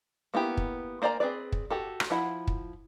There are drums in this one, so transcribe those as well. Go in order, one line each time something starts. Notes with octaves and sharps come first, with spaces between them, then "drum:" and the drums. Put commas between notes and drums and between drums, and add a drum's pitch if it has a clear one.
A#3 B3 E4 G4
drum: kick
A#3 C5 D5 G#5 A#5
C4 G#4 B4 D5
drum: kick
F#4 G4 A4
drum: rim click
F3 E4 F#5
drum: kick